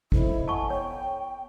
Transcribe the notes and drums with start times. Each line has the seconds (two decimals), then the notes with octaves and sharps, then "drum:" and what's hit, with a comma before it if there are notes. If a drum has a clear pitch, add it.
0.12 E4 A4 C5 D#5, drum: kick G#1
0.48 A4 F#5 G#5 A5 C#6
0.70 B3 C#5 G5